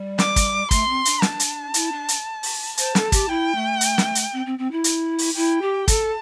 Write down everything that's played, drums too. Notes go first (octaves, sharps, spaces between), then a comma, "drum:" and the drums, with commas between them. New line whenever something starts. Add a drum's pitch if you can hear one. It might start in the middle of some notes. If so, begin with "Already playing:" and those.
Already playing: G3
D6, drum: snare
drum: kick, hi-hat
A3 C6, drum: kick, hi-hat
C4
D4, drum: hi-hat
A5, drum: snare
drum: hi-hat
E4, drum: hi-hat
D4
drum: hi-hat
drum: open hi-hat
C5 A5, drum: hi-hat
A4, drum: snare
G4, drum: kick, hi-hat
E4 G5
A3
drum: hi-hat
drum: snare
drum: hi-hat
C4
C4
C4
E4
drum: hi-hat
drum: open hi-hat
E4 G5
G4
A4 A5, drum: kick, hi-hat